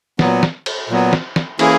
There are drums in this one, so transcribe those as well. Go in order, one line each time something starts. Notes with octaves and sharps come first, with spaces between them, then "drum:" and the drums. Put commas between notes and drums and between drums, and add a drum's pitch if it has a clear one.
A#2 F#3 B3, drum: snare
drum: snare
drum: cymbal
A#2 F#3 B3
drum: snare
drum: snare
E3 A#3 C#4 E4 G#4, drum: cymbal